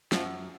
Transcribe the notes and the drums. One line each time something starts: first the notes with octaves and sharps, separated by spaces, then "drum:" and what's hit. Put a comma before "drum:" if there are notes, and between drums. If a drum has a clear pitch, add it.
F#2 F3, drum: snare